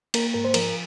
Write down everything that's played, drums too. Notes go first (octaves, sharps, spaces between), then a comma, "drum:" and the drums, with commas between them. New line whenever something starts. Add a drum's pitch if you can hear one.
A#3 A#4, drum: cymbal
G#2 A#4
C5
F3 A#4, drum: cymbal